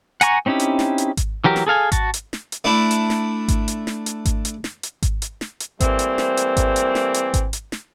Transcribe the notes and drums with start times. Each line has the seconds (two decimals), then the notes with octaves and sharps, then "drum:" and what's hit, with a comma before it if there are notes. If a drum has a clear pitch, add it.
0.21 F#5 G#5 A#5 C#6, drum: hi-hat
0.46 C4 C#4 D#4 E4 G4
0.60 drum: hi-hat
0.79 drum: snare
0.98 drum: hi-hat
1.17 drum: kick G#1, hi-hat
1.44 E3 F#3 G4 A#4
1.56 drum: snare
1.67 G#4 A4 F5 G#5
1.92 F#4 A5, drum: kick G#1, hi-hat
2.14 drum: hi-hat
2.33 drum: snare
2.52 drum: hi-hat
2.64 A3 D4 E4
2.91 drum: hi-hat
3.10 drum: snare
3.48 drum: kick G#1, hi-hat
3.68 drum: hi-hat
3.87 drum: snare
4.06 drum: hi-hat
4.25 drum: kick G#1, hi-hat
4.45 drum: hi-hat
4.64 drum: snare
4.83 drum: hi-hat
5.03 drum: kick G#1, hi-hat
5.22 drum: hi-hat
5.41 drum: snare
5.60 drum: hi-hat
5.80 E3 G3 A3 A#3 C4, drum: kick G#1, hi-hat
5.99 drum: hi-hat
6.18 drum: snare
6.37 drum: hi-hat
6.57 drum: kick G#1, hi-hat
6.76 drum: hi-hat
6.95 drum: snare
7.14 drum: hi-hat
7.34 drum: kick G#1, hi-hat
7.53 drum: hi-hat
7.72 drum: snare